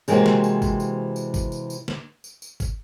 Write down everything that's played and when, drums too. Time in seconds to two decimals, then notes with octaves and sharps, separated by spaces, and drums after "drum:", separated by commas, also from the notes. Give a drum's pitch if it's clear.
0.08 C3 E3 G#3 A#3 C4 F#4, drum: tambourine
0.26 drum: snare
0.44 drum: tambourine
0.62 drum: kick G1, tambourine
0.80 drum: tambourine
1.16 drum: tambourine
1.34 drum: kick G1, tambourine
1.52 drum: tambourine
1.70 drum: tambourine
1.88 drum: snare
2.24 drum: tambourine
2.42 drum: tambourine
2.60 drum: kick G1, tambourine